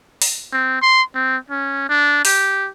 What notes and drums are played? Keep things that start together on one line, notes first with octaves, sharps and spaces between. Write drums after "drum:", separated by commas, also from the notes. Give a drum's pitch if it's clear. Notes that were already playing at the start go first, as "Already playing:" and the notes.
drum: open hi-hat
C4
C6
C4
C#4
D4
G4, drum: open hi-hat